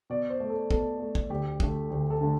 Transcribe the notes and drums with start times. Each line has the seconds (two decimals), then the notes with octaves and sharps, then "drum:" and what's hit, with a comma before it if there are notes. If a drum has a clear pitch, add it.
0.10 B2 D5
0.30 C5
0.40 A3
0.50 A4
0.71 B2 A4, drum: kick
1.00 A3
1.15 drum: kick
1.30 D2 G4
1.60 D3 A3, drum: kick
1.90 D2 G4
2.10 A4
2.21 D3 A3